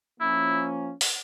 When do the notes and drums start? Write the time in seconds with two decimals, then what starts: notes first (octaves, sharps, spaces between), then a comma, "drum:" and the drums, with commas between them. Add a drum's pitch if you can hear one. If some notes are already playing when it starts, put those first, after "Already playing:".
0.20 F3 A#3 C#4 E4
1.01 drum: open hi-hat